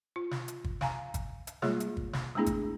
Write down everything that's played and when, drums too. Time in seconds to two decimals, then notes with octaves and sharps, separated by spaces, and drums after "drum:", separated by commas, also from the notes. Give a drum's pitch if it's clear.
0.16 F4
0.31 drum: snare
0.48 drum: hi-hat
0.64 drum: kick
0.81 F5 G#5 A#5, drum: snare
1.14 drum: kick, hi-hat
1.47 drum: hi-hat
1.62 G3 G#3 A#3 F4 G#4 C#5, drum: snare
1.80 drum: hi-hat
1.97 drum: kick
2.13 drum: snare
2.35 G#3 A3 B3 D4 E4 G#4
2.46 drum: kick, hi-hat